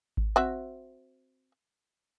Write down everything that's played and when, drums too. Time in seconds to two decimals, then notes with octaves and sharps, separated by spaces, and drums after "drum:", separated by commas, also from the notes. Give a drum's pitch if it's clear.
0.17 drum: kick G#1
0.36 C4 F#4 E5